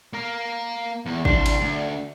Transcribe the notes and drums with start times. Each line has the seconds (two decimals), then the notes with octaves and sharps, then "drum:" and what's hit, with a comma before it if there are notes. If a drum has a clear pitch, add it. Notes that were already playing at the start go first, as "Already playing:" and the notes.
0.13 A#3 A#4
1.06 E2
1.25 C2 D4 C5, drum: kick
1.46 drum: cymbal
1.61 D2